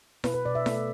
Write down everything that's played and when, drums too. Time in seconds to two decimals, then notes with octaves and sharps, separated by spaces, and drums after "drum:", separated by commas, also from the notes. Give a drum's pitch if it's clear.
0.24 B2 B4, drum: snare E4
0.34 B4
0.45 B2 D5
0.55 E5
0.66 A3, drum: snare E4